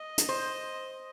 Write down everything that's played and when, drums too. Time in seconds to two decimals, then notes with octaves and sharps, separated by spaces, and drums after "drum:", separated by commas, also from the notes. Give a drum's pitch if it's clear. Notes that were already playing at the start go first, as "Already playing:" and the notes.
Already playing: D#5
0.18 drum: hi-hat
0.29 C5